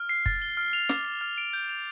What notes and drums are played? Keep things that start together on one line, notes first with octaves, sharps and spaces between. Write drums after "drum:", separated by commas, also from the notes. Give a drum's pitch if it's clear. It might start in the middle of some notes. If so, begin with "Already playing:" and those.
Already playing: F6
C7
A6, drum: kick
G7
F6
F7
D6, drum: snare
C7
F6
D7
G6
F7